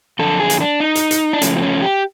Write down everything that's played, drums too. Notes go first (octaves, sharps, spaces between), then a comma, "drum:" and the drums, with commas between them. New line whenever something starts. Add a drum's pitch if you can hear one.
F#2 D3 F3 A4
G#4
drum: hi-hat
D4
D#4
drum: hi-hat
drum: hi-hat
D4
F2 C#3 F3 A3 C#4, drum: hi-hat
C4
C#4
G4